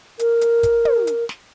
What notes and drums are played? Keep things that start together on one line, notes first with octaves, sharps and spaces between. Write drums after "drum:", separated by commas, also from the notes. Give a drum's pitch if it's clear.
A#4, drum: hi-hat
drum: hi-hat
drum: kick, hi-hat
drum: tom
drum: hi-hat
drum: snare